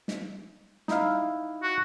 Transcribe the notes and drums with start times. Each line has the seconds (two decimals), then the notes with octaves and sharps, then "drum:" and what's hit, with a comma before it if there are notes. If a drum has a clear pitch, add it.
0.08 drum: snare
0.88 D#4 E4 F5, drum: snare
1.63 F#4